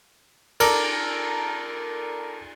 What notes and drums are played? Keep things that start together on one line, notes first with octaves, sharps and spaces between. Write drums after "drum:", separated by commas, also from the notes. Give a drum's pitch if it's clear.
A4 A#4 D5, drum: cymbal